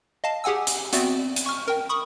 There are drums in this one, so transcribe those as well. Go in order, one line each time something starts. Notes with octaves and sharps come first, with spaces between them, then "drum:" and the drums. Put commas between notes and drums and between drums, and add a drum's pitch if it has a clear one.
D#5 F5 A5
G4 G#4 F#5 G#5 E6
drum: hi-hat
B3 C4 F#4 D5 E5, drum: hi-hat
drum: hi-hat
C#6 F6
A#4 G5
B5 C#6 D#6